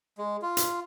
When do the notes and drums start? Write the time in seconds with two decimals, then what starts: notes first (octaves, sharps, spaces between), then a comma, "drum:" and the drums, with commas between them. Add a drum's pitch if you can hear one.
0.18 G#3
0.42 F4
0.57 drum: hi-hat